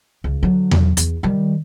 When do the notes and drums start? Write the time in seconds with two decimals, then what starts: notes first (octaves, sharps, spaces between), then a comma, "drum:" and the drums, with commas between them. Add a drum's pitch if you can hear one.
0.24 C#2
0.43 D3 F#3
0.71 drum: tom E2
0.97 E2, drum: hi-hat
1.23 D#3 G3